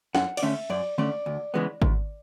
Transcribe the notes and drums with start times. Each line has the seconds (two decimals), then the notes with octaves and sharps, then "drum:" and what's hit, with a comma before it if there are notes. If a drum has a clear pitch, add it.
0.15 F#2 F#5, drum: snare
0.37 D5, drum: cymbal
0.43 D3 A3 C#4 E5
0.70 F#2 D5
0.98 D3 A3 C#4 D5
1.26 D2
1.54 C#3 E3 G#3 B3
1.82 D2, drum: kick G#1